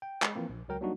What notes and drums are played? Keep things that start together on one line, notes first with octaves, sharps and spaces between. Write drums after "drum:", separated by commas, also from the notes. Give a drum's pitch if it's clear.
G5
G#3, drum: clap
E3 F3 A#3 C4
A#1
C#2 F#3 A#4 G5
F#3 G3 A#3 D4 D#4 F#4